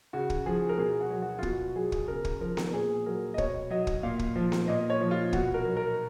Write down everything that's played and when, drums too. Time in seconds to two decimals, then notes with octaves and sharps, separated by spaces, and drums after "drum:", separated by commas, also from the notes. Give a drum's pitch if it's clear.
0.13 C#3 F#4
0.30 drum: kick
0.46 F3 G#4
0.69 A#4
0.78 B2 G#4
1.01 F#4
1.10 F#3
1.22 F#4
1.39 F4
1.43 B2 F#4, drum: kick
1.76 F#3 G#4
1.92 drum: kick
2.08 C#3 A#4
2.25 drum: kick
2.41 F3 A#4
2.57 drum: snare B3
2.73 A#2 G#4
3.06 F#3 A#4
3.34 D#5
3.38 B2 C#5, drum: kick
3.70 F#3 D#5
3.87 drum: kick
4.03 A#2 F5
4.19 drum: kick
4.36 F3
4.52 drum: snare B3
4.68 A#2 D#5
4.90 C#5
5.01 F3
5.11 F4
5.33 B2 F#4, drum: kick
5.54 A#4
5.65 F#3
5.77 A#4